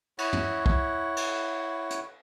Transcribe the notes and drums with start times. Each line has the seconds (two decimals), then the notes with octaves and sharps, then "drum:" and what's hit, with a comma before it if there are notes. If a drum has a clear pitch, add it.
0.19 E4 C#5 F#5, drum: cymbal
0.33 drum: tom
0.66 drum: kick
1.17 drum: cymbal
1.90 drum: hi-hat